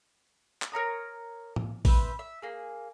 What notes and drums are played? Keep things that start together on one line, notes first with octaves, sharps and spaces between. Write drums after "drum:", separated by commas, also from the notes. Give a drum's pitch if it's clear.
drum: clap
A#4 C#5 A#5 D#6
drum: tom A2
B4 C5 E5, drum: kick A1, open hi-hat
E5
A#3 G#4